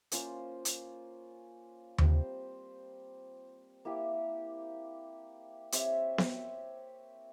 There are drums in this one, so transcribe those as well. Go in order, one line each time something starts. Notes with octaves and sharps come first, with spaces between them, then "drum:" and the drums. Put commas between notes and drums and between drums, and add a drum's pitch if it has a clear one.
A#3 C#4 F4 C5, drum: hi-hat
drum: hi-hat
G3 C4 G4 C5, drum: tom D#2
A#3 E4 G4
C4 G4 C#5 E5, drum: hi-hat
drum: snare B3